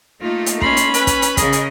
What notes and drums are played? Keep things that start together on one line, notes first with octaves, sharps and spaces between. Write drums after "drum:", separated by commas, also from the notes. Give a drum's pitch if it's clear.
A3 A#3 D#4 F4
drum: hi-hat
C#4 B5 C6, drum: kick
drum: hi-hat
B4, drum: hi-hat
drum: kick, hi-hat
drum: hi-hat
C#3 G#4 A#4 D#5, drum: kick, hi-hat
drum: hi-hat